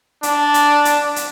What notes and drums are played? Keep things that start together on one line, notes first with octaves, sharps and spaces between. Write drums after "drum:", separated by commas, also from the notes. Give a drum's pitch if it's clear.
D4, drum: hi-hat
drum: hi-hat
drum: hi-hat
drum: hi-hat